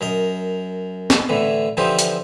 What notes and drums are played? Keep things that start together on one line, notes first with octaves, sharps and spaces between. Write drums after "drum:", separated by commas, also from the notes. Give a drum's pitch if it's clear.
F#2 A#4 D#5
drum: snare
A2 D3 E3
D3 E3 F3 C4 D#4 G4
drum: hi-hat